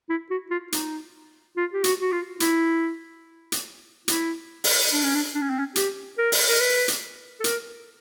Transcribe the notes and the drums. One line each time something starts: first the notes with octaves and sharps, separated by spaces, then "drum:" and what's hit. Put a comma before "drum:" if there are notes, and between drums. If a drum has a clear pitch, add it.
E4
F#4
F4
D#4, drum: hi-hat
F4
G4
F#4, drum: hi-hat
F#4
F4
E4, drum: hi-hat
drum: hi-hat
E4, drum: hi-hat
drum: open hi-hat
D4
C#4
D4
D4
C#4
C4
C#4
G4, drum: hi-hat
A#4
drum: open hi-hat
A#4
B4
drum: hi-hat
A4
A#4, drum: hi-hat